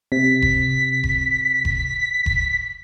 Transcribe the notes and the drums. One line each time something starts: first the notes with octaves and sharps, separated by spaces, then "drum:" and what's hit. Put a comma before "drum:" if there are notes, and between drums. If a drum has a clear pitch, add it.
C3 B6
drum: kick F1
drum: kick F1
drum: kick F1
drum: kick F1